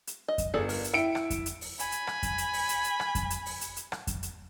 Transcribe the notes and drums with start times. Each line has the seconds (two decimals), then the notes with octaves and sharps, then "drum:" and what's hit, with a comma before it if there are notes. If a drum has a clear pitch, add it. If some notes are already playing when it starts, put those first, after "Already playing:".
0.07 drum: hi-hat
0.28 D#5
0.38 drum: kick F2, hi-hat
0.54 G1 G#4 A4 D5
0.69 A#4, drum: open hi-hat
0.84 drum: hi-hat
0.93 E4 G5 C#7 D7
1.15 drum: rim click
1.30 drum: kick F2, hi-hat
1.46 drum: hi-hat
1.61 drum: open hi-hat
1.79 G#5 B5, drum: hi-hat
1.92 drum: hi-hat
2.07 drum: rim click
2.23 drum: kick F2, hi-hat
2.38 drum: hi-hat
2.53 drum: open hi-hat
2.69 drum: hi-hat
2.84 drum: hi-hat
3.00 drum: rim click
3.15 drum: kick F2, hi-hat
3.30 drum: hi-hat
3.46 drum: open hi-hat
3.61 drum: hi-hat
3.77 drum: hi-hat
3.92 drum: rim click
4.07 drum: kick F2, hi-hat
4.23 drum: hi-hat